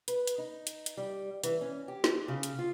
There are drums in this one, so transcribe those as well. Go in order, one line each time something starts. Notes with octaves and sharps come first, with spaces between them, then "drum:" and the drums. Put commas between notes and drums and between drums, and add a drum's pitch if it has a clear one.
B4, drum: hi-hat
drum: hi-hat
D#4
drum: hi-hat
drum: hi-hat
G3
E3, drum: hi-hat
C#4
G4
drum: snare
C#3
drum: hi-hat
F4